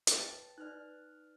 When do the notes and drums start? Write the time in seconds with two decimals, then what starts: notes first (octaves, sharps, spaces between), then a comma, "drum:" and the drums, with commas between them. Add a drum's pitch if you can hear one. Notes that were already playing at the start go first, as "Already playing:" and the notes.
0.07 B4 C#5 G5, drum: hi-hat
0.20 A5 A6
0.58 D#4 B4 D5 F6 F#6